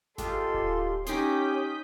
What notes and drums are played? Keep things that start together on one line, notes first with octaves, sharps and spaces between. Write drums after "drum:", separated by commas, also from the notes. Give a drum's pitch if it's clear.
G#3 F4 G4 A4 C6, drum: snare G#1
drum: kick D1
C#4 D#4 G4 G5 C6 D#6 G6 B6, drum: hi-hat